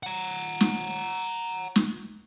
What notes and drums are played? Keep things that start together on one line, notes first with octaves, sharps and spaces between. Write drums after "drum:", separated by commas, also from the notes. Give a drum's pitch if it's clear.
F#5 A#5
drum: snare
drum: snare